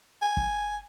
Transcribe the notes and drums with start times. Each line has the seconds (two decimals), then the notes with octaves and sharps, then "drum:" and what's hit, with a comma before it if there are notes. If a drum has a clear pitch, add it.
0.22 G#5
0.37 drum: kick